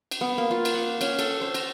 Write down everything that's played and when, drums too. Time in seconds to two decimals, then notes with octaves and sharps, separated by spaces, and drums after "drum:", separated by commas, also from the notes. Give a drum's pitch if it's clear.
0.11 drum: cymbal
0.21 B3
0.38 A#3
0.51 F4
0.65 drum: cymbal
0.74 F#5
1.01 C#4, drum: cymbal
1.19 A4, drum: cymbal
1.41 C5
1.54 A#5, drum: cymbal